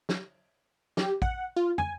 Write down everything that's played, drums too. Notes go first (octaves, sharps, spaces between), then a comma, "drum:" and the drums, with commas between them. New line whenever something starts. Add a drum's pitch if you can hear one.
drum: snare
G4, drum: snare
F#5, drum: kick
F4
G#5, drum: tom